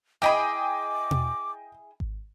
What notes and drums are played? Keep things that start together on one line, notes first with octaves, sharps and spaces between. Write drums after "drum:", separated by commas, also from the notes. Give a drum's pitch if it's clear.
E4 G#4 D#5 G5 B5 D6
drum: tom
drum: kick G#1